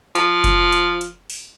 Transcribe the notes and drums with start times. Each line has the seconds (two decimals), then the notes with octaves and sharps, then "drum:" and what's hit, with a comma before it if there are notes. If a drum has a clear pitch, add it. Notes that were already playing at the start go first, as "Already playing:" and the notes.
0.15 F3, drum: hi-hat
0.44 drum: kick F#1, hi-hat
0.72 drum: hi-hat
1.01 drum: hi-hat
1.30 drum: open hi-hat